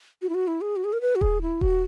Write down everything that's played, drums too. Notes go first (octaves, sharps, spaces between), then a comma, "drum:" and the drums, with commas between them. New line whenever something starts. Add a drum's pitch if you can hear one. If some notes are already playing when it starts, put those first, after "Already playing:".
F#4
E4
F#4
E4
G#4
F#4
G#4
A#4
B4
F#4
G#4, drum: kick D#1
E4
F#4, drum: kick D#1